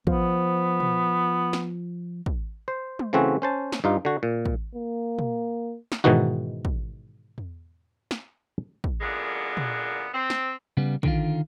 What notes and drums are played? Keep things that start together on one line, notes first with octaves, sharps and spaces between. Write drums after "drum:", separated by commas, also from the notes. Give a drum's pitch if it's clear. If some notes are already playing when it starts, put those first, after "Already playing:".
F3 B3, drum: kick
drum: tom
drum: snare
drum: kick
C5
drum: tom
C#3 E3 A3 C4 C#4 F#4
C#4 C5 A5
drum: snare
G2 D#4 F4
D3 F#4
A#2
drum: kick
A#3
drum: tom
drum: snare
G#2 B2 D#3 E3 D#4 F#4
drum: kick
drum: tom E2
drum: snare
drum: kick
F#2 A#2 D3 G#3 B3
drum: tom
C4
drum: snare
C#3 G3 B3
D3 D#3 F4, drum: kick